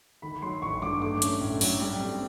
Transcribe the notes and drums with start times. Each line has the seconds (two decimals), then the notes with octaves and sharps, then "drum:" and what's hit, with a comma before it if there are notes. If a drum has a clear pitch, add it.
0.22 D#3 B5
0.42 F#3 C6
0.62 A1 C#6
0.82 G2 D6
1.01 A3 D6
1.22 C#4, drum: hi-hat
1.41 A2
1.61 F#3, drum: open hi-hat
1.81 G3
2.00 C4